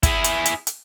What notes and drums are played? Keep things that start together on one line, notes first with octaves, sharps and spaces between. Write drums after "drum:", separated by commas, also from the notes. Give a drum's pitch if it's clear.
E4 G#4, drum: kick, hi-hat
drum: hi-hat
drum: hi-hat
drum: hi-hat